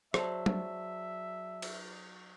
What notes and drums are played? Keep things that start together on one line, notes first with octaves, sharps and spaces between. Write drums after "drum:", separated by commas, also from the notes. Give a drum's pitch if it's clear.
F#3 G#4 C5 D5 E5 A5, drum: rim click
drum: tom F#3
drum: cymbal